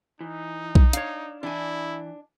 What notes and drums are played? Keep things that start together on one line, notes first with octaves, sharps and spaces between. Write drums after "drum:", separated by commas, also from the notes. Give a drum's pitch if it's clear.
E3 D#4
drum: kick B1
D4 C#5 F5, drum: hi-hat
E3 D4 E4 G#5